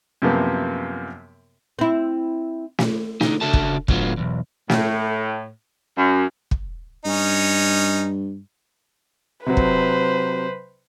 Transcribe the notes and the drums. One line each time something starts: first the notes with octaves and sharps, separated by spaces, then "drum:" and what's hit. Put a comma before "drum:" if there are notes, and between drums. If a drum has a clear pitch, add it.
F#2 C3 F3 A#3 B3
C4 E4
drum: snare
D3 D#4, drum: snare
C#3 D4 F#4 A4 E5 A5
drum: kick
A2 D3 F#3 B3 F4, drum: kick
B1 E2
A2, drum: snare
F#2
drum: kick
G2 C#4 D#4
C3 F#3 B4 C5
drum: kick